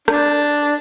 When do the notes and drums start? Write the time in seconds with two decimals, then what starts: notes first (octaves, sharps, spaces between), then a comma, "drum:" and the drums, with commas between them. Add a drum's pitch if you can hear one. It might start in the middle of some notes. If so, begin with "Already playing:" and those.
0.08 D4, drum: rim click